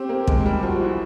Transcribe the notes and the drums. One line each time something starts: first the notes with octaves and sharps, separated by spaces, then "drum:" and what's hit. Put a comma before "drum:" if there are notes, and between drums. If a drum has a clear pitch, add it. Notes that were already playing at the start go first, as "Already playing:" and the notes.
Already playing: C4 G4
A#3
G#3, drum: kick
G3
F3 F#4
E3